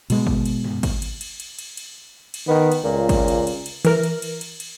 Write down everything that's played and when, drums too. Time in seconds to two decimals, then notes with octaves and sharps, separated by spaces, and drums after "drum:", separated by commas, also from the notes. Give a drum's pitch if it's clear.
0.10 B2 G#3, drum: cymbal
0.27 drum: kick G#1
0.46 drum: cymbal
0.64 drum: tom
0.83 drum: kick G#1, cymbal
1.02 drum: cymbal
1.21 drum: cymbal
1.40 drum: cymbal
1.59 drum: cymbal
1.77 drum: cymbal
2.34 drum: cymbal
2.48 D#3 B3
2.72 drum: cymbal
2.84 C#2 A#2
3.09 drum: kick G#1, cymbal
3.28 drum: cymbal
3.47 drum: cymbal
3.66 drum: cymbal
3.85 E3 A#4, drum: cymbal
4.03 drum: cymbal
4.22 drum: cymbal
4.41 drum: cymbal
4.60 drum: cymbal